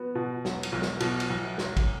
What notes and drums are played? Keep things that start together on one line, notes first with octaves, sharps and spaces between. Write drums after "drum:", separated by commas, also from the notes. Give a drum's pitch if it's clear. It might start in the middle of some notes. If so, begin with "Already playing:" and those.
Already playing: B3 F#4
B2
F#3, drum: snare
drum: cymbal
B1
drum: snare
B2, drum: cymbal
drum: cymbal
B1
F#3, drum: snare
drum: kick, cymbal